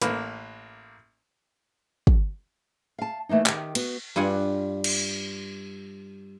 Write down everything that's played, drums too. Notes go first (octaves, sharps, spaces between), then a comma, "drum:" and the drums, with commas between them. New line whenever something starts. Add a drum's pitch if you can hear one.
A1 A#3 B4, drum: hi-hat
drum: kick
F5 A5
E3 A3 A#3 D#4
D#3 G4, drum: clap
B3 F#4, drum: cymbal
G2 G3 F4 F#5 G#5
drum: cymbal